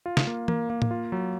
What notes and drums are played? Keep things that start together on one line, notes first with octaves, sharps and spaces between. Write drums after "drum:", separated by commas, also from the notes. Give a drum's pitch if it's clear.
F4
drum: snare
A#3
A#3, drum: tom E3
A#3
drum: tom A2
F4
F#3